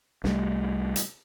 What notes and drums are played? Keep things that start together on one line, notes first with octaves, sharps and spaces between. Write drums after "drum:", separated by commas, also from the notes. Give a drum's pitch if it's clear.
C2 G3 A3, drum: snare
drum: hi-hat